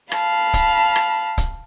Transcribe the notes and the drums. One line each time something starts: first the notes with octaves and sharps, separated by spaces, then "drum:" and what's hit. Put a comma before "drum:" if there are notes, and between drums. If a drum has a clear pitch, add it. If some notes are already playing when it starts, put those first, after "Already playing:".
F5 A5 B5, drum: rim click
drum: kick C#1, hi-hat
drum: rim click
drum: kick C#1, hi-hat